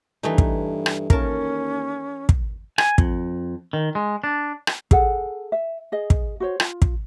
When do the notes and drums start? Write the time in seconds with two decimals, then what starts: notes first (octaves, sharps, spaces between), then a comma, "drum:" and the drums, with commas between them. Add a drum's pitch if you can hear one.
0.23 G2 E3 A3 D#4
0.38 drum: kick
0.86 drum: rim click
1.10 D#2 C#4 A#4 A5, drum: kick
2.29 drum: kick
2.78 G#5, drum: rim click
2.98 F2, drum: kick
3.73 D#3
3.95 G#3
4.24 D4
4.67 drum: rim click
4.91 G#4 A4 F#5, drum: kick
5.52 E5
5.92 G#4 D#5
6.10 drum: kick
6.40 F#4 C5 C#5
6.60 F4, drum: rim click
6.82 drum: kick